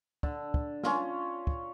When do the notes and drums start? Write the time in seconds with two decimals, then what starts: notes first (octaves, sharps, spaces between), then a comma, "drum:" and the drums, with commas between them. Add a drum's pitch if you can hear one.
0.23 D3, drum: kick
0.54 drum: kick
0.83 C#4 F4 F5, drum: snare
1.47 drum: kick